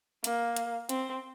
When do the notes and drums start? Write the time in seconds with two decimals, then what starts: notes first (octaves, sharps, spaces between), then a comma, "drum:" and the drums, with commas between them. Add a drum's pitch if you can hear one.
0.24 A#3, drum: hi-hat
0.56 drum: hi-hat
0.89 C4, drum: hi-hat